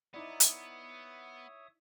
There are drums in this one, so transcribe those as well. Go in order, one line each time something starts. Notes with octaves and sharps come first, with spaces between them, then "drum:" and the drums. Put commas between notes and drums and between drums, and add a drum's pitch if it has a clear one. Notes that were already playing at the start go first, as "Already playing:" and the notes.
B3 D#4 E4 C#5 D5 E5 D#6
drum: hi-hat